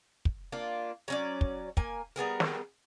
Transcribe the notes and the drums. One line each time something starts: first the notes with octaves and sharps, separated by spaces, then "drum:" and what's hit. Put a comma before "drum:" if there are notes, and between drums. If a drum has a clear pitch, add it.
drum: kick
A#3 D4 F4
F#3 C#4 D5
drum: kick
A#3 G#5, drum: kick
G3 B3 G#4 A#4
drum: snare